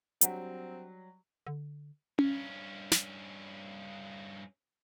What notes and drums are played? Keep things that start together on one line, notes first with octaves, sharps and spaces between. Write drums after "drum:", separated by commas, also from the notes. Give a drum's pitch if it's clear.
F#3 G3 C4 D4 F#5, drum: hi-hat
D3
G2 C#4, drum: tom C#4
drum: snare